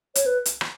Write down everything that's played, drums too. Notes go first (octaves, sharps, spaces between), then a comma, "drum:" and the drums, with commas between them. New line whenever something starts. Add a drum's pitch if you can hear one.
C#5, drum: hi-hat
B4
drum: hi-hat
drum: rim click